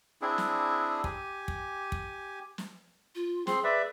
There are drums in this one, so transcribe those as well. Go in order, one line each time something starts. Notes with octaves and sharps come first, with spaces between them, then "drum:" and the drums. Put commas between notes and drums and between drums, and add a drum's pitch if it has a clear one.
C4 D4 E4 G#4
drum: snare
G4 G#5, drum: kick
drum: kick
drum: kick
drum: snare
F4
C4 G#4 C6, drum: snare
B4 D5 E5